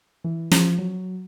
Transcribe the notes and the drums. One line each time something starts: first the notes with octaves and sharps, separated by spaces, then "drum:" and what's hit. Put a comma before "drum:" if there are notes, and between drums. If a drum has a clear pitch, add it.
E3
F3, drum: snare
F#3